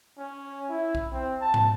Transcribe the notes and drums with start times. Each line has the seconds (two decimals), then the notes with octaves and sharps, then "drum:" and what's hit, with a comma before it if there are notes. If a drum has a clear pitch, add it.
0.19 C#4
0.69 E4
0.95 drum: kick B1
1.12 C4
1.41 A5
1.54 drum: tom